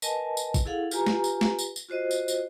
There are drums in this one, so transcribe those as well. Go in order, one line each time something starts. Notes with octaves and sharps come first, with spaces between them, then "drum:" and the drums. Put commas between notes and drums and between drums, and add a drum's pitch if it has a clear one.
A#4 B4 D#5 G#5 A5, drum: tambourine
drum: tambourine
drum: kick, tambourine
E4 G#4 A4 F5 F#5
F4 G4 B4 G#5 A#5, drum: tambourine
drum: snare
drum: tambourine
drum: snare
drum: tambourine
drum: tambourine
F4 F#4 C5 D#5
drum: tambourine
drum: tambourine